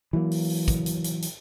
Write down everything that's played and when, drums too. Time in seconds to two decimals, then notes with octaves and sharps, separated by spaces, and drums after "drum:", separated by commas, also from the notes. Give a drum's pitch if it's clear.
0.13 E3 F#3 A#3
0.31 drum: open hi-hat
0.50 drum: open hi-hat
0.68 drum: kick, hi-hat
0.86 drum: hi-hat
1.04 drum: hi-hat
1.22 drum: hi-hat